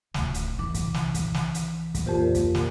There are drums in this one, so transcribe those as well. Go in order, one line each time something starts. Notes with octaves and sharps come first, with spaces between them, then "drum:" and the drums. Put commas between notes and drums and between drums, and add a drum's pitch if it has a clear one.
D1 C#2, drum: snare
drum: hi-hat
C2 E3 D6
drum: kick, hi-hat
drum: snare
drum: kick, hi-hat
drum: snare
drum: hi-hat
drum: kick, hi-hat
F2 A#2 G4 C5
drum: kick, hi-hat
drum: snare